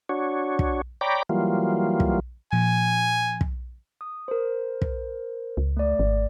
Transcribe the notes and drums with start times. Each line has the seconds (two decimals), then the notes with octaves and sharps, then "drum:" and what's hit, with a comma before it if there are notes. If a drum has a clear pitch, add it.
0.09 D4 F#4 C#5
0.59 drum: kick
1.01 C#5 D5 G5 A#5 B5 D6
1.29 E3 F#3 G3 A#3 F4
2.00 drum: kick
2.53 A#2 F3 G#5
3.41 drum: kick
4.01 D#6
4.28 A#4 C5
4.82 drum: kick
5.57 C#2
5.77 A3 D5
5.99 G#1